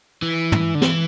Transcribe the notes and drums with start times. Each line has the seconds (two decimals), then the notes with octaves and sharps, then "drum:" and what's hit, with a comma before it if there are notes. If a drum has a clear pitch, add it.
0.22 E3
0.52 drum: tom
0.75 D3
0.82 E3, drum: snare